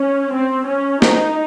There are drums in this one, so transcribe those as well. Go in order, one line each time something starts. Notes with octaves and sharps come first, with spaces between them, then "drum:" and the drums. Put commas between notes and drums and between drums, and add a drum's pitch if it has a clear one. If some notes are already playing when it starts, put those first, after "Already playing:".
Already playing: C#4
C4
C#4
D#4, drum: snare